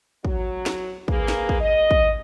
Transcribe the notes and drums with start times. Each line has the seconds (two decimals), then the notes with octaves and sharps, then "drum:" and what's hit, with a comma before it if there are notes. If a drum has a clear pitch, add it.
0.25 F#3, drum: kick
0.66 drum: snare
1.08 A#3 G#4 B4, drum: kick
1.28 drum: snare
1.49 drum: kick
1.60 D#5
1.91 drum: kick